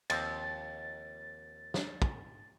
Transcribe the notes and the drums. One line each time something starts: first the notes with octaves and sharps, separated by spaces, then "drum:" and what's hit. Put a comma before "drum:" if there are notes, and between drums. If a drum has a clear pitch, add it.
D#2 F3 C4 A6, drum: cymbal
drum: snare
drum: kick